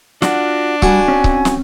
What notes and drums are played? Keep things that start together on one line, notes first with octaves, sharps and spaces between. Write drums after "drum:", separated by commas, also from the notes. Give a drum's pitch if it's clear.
D4 F4 F#4 F#5, drum: snare
G3 F#4 G#5, drum: kick C#1
C4 C#4
drum: kick C#1
drum: snare